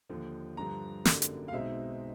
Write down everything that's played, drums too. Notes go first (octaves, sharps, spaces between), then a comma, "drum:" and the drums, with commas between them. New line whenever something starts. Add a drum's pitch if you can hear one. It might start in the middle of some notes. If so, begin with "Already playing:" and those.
D#2 D3 F3
G2 D3 F3 A#5
G#1 F#2 D3 G3 A#3, drum: snare
drum: hi-hat
F5
B1 B2 G#3 C4 D#4 E5